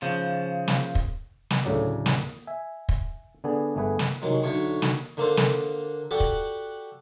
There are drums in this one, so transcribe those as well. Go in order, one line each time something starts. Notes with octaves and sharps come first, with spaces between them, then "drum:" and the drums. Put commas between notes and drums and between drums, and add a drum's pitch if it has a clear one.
C#3 F3
drum: snare
drum: kick
drum: snare
D2 A2 C#3 F#3 D5
drum: snare
E5 G#5
drum: kick
D3 B3 D4 G#4
G1 A3 G#4 B4
drum: snare
C2 D#3 F#3 G#3
B1 D3 A3 C#5 C#6
drum: snare
D3 A#3 D4 A4 C5
drum: snare
F#4 G4 A4 D5 F#5
drum: kick